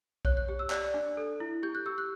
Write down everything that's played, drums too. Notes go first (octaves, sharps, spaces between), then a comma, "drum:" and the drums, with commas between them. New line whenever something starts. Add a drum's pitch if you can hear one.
C#5 F#6, drum: kick B1
F#6
G4
E6
D5 F#6, drum: clap
D4
A4
E4
G4 G6
F#6
G4 E6
F#6